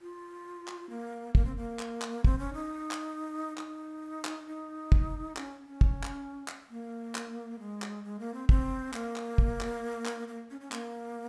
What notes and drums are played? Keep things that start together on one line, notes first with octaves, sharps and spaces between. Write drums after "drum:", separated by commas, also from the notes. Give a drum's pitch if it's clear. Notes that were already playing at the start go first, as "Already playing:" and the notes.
F4
drum: clap
A#3
A#3, drum: kick
C4
A#3
drum: clap
drum: clap
C4, drum: kick
C#4
D#4
drum: clap
D#4, drum: clap
drum: clap
D#4
drum: kick
C#4, drum: clap
C#4
drum: kick
drum: clap
drum: clap
A#3
drum: clap
G#3
drum: clap
G#3
A#3
C4
C4, drum: kick
A#3, drum: clap
drum: clap
drum: kick
drum: clap
drum: clap
A#3
C#4
C#4
A#3, drum: clap